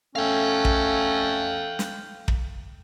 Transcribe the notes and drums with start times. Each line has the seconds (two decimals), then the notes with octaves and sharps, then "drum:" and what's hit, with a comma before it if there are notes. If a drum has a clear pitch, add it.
0.16 A3 C#4 A4 F5 G5
0.65 drum: kick
1.79 drum: snare
2.28 drum: kick